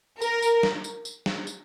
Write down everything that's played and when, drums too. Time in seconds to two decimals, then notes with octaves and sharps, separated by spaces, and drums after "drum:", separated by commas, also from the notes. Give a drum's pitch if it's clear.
0.22 A#4, drum: tambourine
0.42 drum: tambourine
0.63 drum: snare
0.84 drum: tambourine
1.05 drum: tambourine
1.26 drum: snare
1.47 drum: tambourine